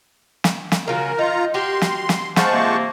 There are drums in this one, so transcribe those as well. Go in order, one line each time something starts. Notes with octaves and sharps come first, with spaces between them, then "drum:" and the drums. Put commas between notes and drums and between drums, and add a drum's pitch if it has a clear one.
drum: snare
drum: snare
C#3 F4 F#4 A#4
D#4 F4 A#5
F#4 G4 A#4 C6
drum: snare
drum: snare
G#3 F4 C5 F#5 A5 C#6, drum: snare
C3 A#3